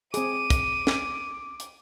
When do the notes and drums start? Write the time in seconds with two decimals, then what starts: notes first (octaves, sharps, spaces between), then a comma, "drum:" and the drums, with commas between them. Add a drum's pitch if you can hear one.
0.14 C4 G#4 D6 D#7, drum: hi-hat
0.50 drum: kick, hi-hat
0.87 drum: snare
1.60 drum: hi-hat